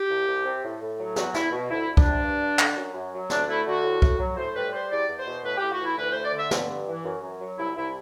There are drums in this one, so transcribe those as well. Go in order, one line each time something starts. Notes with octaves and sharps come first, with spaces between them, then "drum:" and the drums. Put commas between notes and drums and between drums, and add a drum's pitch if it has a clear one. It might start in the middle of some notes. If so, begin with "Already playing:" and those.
Already playing: G4
C2
C2
C3
A2
A2
F#3
E2 F#4, drum: snare
E2 E4, drum: snare
B2
D2 E4
D2
D4, drum: kick C2
C3
G2
G2
D3, drum: clap
F#2
F#2
F#3
D2 D4, drum: snare
A3 E4
D3 F#4
A2
A2, drum: kick C2
F#3
A2 C5
G3 B4
G3 C5
E2 D5
E2
C5
B2
A2 B4
G4
A2
F#4
E3 E4
D2 B4
A3 C5
D5
D3
E5
G2, drum: snare
G2
E3
F#2
F#2
F#3
C2 E4
C2 E4